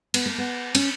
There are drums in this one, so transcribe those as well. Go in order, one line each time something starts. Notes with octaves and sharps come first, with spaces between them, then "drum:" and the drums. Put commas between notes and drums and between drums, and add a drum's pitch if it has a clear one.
B3, drum: cymbal
A#3
B3
C#4, drum: cymbal